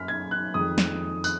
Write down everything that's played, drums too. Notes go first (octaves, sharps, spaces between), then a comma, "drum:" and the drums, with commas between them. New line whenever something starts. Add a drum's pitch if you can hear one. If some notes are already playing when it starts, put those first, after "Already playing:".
Already playing: F#2 F6 B6
G#6
F#6
F2 D#3 G#3 D#4 D#6
drum: snare
F#6, drum: tambourine